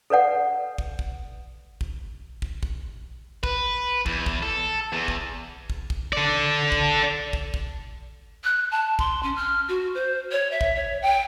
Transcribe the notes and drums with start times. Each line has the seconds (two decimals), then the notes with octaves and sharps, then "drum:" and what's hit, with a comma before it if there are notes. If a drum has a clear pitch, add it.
0.10 A4 B4 D5 F#5
0.78 drum: kick
0.99 drum: kick
1.81 drum: kick
2.42 drum: kick
2.63 drum: kick
3.44 B4, drum: kick
4.06 E2, drum: kick
4.26 drum: kick
4.43 A4
4.93 E2
5.08 drum: kick
5.70 drum: kick
5.90 drum: kick
6.13 A4 D5
6.72 drum: kick
7.33 drum: kick
7.54 drum: kick
8.44 F#6
8.71 A5
8.99 C6, drum: kick
9.23 C#4
9.36 F6
9.69 F#4
9.95 C5
10.31 C#5
10.52 E5
10.61 drum: kick
10.76 C#5
11.02 G5